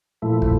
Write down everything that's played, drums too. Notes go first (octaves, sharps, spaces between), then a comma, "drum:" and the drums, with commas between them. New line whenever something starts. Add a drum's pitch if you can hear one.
A#2 F3 A3 E4
drum: kick